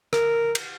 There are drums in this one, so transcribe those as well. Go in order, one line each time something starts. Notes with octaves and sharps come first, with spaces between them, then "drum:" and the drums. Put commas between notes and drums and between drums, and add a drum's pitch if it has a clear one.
A#4, drum: rim click
drum: cymbal